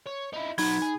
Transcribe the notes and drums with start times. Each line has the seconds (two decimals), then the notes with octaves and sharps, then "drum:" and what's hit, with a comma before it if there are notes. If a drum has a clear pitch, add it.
0.06 C#5
0.33 D#4 E4
0.58 F#3 B3 D#4 B5 G#6, drum: open hi-hat
0.82 G#4